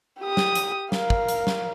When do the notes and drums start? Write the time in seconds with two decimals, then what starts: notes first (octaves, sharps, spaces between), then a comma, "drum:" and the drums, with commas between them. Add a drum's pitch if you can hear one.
0.21 G4 D#6
0.37 drum: snare
0.55 drum: hi-hat
0.92 A#4 F5, drum: snare
1.10 drum: kick
1.29 drum: hi-hat
1.47 drum: snare